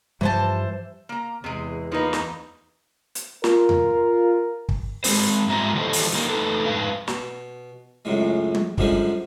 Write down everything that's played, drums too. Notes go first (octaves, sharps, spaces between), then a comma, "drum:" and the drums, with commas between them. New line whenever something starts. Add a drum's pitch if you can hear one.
G2 E3 F3 G3 C5 A5
A#3 A#5
E2 C3 G#3
F3 A#3 D#4 B4
drum: snare
drum: hi-hat
F4 A#4, drum: snare
drum: tom E2
drum: kick
G#3 C4 C5, drum: open hi-hat
G#2 G3 G#3 F4 E5 A#5
D#3 E3 G3 A4 C5 D#5
drum: open hi-hat
D#3 G3 A#3 D#4
A3 D#4 A4 B4
F2 G#2 D#4 B4 F5
B2, drum: snare
C#2 F#2 A2 G#3
drum: tom
F#2 D3 F3 G3 G#3 G#5, drum: kick